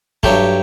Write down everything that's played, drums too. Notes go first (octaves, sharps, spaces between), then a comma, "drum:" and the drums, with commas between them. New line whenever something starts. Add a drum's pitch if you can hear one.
G2 F#3 A3 G4, drum: kick